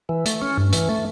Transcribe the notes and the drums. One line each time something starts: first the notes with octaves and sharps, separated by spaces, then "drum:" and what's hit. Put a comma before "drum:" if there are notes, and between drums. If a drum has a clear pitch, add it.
E3
A3, drum: hi-hat
C#4
G2
E3, drum: hi-hat
A3